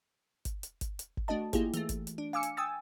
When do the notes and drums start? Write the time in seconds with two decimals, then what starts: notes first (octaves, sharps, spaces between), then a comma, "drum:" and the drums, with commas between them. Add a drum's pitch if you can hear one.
0.45 drum: kick G1, hi-hat
0.63 drum: hi-hat
0.81 drum: kick G1, hi-hat
0.99 drum: hi-hat
1.17 drum: kick G1
1.28 A3 D4 F#4 D#5 A5
1.53 A#3 E4 F4 G4 G#4, drum: kick G1, hi-hat
1.74 E3 A3, drum: hi-hat
1.89 drum: kick G1, hi-hat
2.07 drum: hi-hat
2.18 D4
2.33 F5 G#5 D6 E6 C#7
2.43 drum: hi-hat
2.57 G5 G#5 D#6 E6 A6